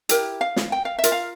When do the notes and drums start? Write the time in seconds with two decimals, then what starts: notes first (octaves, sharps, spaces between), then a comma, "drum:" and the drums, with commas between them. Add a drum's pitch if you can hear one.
0.09 E4 G4 A#4, drum: hi-hat
0.41 F5
0.56 drum: snare
0.72 G5
0.85 F5
0.98 E5
1.04 F4 A#4, drum: hi-hat
1.12 F5